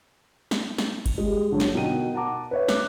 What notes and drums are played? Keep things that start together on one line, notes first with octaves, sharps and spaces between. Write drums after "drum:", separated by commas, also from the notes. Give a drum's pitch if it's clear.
drum: snare
drum: snare
drum: kick G1, cymbal
G3 G#3
G2 D3 F#3
drum: snare
B2 D#4 A#4 G5 D#7
F#5 A5 A#5 D6
B4 C#5 E5
D6 F#6, drum: snare